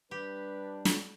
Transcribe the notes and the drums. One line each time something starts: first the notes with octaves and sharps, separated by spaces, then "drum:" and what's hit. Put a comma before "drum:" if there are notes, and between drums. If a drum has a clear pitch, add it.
G3 D4 G4 B4
drum: snare